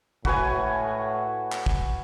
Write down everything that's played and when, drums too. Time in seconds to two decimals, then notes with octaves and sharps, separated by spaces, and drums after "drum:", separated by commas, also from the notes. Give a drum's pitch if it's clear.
0.25 A2 F#4 B4 G#5, drum: kick
1.52 drum: clap
1.66 drum: kick